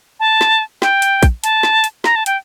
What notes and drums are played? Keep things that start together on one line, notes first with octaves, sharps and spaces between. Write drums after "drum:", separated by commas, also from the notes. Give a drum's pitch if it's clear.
A5
drum: snare
G5, drum: snare
drum: hi-hat
drum: kick, hi-hat
A5, drum: hi-hat
drum: snare
drum: hi-hat
A#5, drum: snare
A5
G5, drum: hi-hat